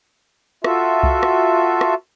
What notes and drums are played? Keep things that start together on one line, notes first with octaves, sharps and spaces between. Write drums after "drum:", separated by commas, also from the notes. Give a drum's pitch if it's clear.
F4 F#4 A4 E5, drum: rim click
drum: kick C2
drum: rim click
drum: rim click